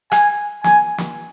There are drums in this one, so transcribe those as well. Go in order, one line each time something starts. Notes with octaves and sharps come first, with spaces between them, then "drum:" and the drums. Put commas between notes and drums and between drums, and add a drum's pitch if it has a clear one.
G#5, drum: rim click
G#5, drum: snare
drum: snare